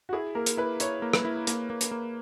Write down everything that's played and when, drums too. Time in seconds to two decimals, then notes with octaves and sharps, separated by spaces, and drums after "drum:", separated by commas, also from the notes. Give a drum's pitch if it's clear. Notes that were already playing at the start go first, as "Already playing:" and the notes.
0.09 F#4
0.13 E4 G#4
0.35 A#3 A#4
0.46 drum: hi-hat
0.57 E4 B4
0.80 E4 C#5, drum: hi-hat
1.02 A#3
1.13 B4, drum: rim click
1.25 E4
1.47 A#3, drum: hi-hat
1.70 A#3
1.81 drum: hi-hat
1.91 A#3